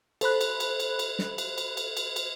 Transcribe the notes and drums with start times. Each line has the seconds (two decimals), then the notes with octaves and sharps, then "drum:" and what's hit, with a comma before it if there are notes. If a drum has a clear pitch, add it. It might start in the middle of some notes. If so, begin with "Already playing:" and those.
0.21 A4 C5 B5 F#6, drum: cymbal
0.41 drum: cymbal
0.60 drum: cymbal
0.80 drum: cymbal
0.99 drum: cymbal
1.19 drum: snare
1.38 drum: cymbal
1.58 drum: cymbal
1.77 drum: cymbal
1.97 drum: cymbal
2.16 drum: cymbal